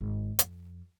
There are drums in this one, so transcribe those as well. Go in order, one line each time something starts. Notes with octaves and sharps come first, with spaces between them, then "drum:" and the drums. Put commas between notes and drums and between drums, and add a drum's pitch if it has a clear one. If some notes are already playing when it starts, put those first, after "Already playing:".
G#1
F2, drum: hi-hat